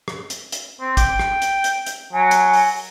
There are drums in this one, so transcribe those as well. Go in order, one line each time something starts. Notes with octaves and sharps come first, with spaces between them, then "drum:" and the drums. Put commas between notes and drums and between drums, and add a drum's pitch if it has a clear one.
drum: rim click
drum: hi-hat
drum: hi-hat
C4
G5, drum: kick A1, hi-hat
drum: rim click
drum: hi-hat
drum: hi-hat
drum: hi-hat
F#3 G#5
drum: hi-hat
drum: open hi-hat